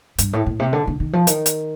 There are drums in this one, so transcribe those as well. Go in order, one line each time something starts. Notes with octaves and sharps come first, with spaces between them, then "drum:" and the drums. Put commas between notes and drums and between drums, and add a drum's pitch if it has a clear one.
G2, drum: hi-hat
A2
A2
C3
D3
D3
D#3
F3
D#3, drum: hi-hat
drum: hi-hat